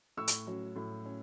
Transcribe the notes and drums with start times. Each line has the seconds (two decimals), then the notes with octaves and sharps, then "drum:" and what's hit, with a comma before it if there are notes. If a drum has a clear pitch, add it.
0.17 A2 C#6 E6
0.28 drum: hi-hat
0.47 F#3 C#4
0.76 A2
1.05 C#4